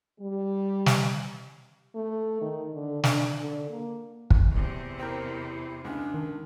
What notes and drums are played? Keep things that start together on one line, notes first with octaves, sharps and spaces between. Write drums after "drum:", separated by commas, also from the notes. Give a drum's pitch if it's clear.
G3
drum: snare
A3
D#3
D3
D4, drum: snare
D3
A#3
drum: kick
E2 C3
C4 E4 A#4
C#2 D4
D#3